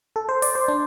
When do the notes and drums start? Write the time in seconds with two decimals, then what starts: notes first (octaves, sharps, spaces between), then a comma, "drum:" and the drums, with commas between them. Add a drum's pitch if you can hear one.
0.16 A4
0.29 C5
0.42 D5, drum: open hi-hat
0.55 C5
0.68 D4